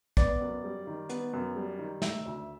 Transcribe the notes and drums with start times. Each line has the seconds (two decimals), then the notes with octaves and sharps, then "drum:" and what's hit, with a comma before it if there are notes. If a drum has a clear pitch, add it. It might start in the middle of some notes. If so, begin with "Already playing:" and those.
0.17 B3 D5, drum: kick, hi-hat
0.41 F#2
0.64 G3
0.87 D#3
1.09 B3, drum: hi-hat
1.33 F#2
1.56 G3
1.79 D#3
2.02 A3 E5, drum: snare
2.25 D2